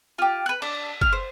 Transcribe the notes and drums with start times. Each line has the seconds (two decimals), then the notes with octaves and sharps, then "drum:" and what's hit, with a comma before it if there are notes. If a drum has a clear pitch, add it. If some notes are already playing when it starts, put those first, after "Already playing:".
0.18 F4 G4
0.46 B4 F#6
0.62 D4, drum: cymbal
1.01 F6, drum: kick F#1
1.13 C5